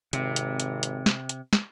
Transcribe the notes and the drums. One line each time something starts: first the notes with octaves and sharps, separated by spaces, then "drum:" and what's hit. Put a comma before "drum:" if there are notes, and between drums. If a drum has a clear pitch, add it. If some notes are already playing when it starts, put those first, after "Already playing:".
G#1 C3, drum: hi-hat
drum: hi-hat
drum: hi-hat
drum: hi-hat
drum: snare
drum: hi-hat
drum: snare